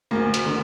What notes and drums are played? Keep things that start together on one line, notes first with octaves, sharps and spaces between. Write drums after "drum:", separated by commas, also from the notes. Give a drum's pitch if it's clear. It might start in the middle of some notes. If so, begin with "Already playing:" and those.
D2 A#3
drum: hi-hat
D3